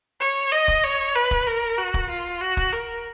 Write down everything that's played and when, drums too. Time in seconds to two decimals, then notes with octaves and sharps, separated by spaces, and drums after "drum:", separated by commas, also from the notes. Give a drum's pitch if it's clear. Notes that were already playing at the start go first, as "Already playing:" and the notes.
0.21 C#5
0.52 D#5
0.68 drum: kick
0.84 C#5
1.15 B4
1.31 drum: kick
1.47 A#4
1.78 F#4
1.94 drum: kick
2.10 F4
2.41 F#4
2.57 drum: kick
2.73 A#4